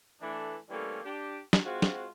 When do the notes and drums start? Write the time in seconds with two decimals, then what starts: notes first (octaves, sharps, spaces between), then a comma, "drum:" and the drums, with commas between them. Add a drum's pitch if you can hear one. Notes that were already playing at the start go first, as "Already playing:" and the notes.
0.21 E3 A3 D4
0.70 E3 G3 A3 A#3 C4 C#4
1.04 D4 G4
1.53 drum: snare
1.64 G#3 C4 F4 F#4
1.82 drum: snare